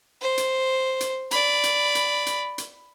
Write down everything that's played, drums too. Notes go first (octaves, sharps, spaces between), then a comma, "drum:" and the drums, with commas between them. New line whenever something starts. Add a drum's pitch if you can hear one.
C5
drum: hi-hat
drum: hi-hat
D5 B5, drum: hi-hat
drum: hi-hat
drum: hi-hat
drum: hi-hat
drum: hi-hat